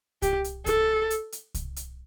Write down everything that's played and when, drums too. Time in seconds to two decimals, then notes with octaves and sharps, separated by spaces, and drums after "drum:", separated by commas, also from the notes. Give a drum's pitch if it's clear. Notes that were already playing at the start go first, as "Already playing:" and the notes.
0.22 G4, drum: kick C2, hi-hat
0.44 drum: hi-hat
0.66 A4, drum: kick C2, hi-hat
1.10 drum: hi-hat
1.32 drum: hi-hat
1.54 drum: kick C2, hi-hat
1.76 drum: hi-hat